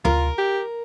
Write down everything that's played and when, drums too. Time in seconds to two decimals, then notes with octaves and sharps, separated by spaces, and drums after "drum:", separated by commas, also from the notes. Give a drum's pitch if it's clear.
0.05 F4 A#4, drum: tom D2
0.38 G4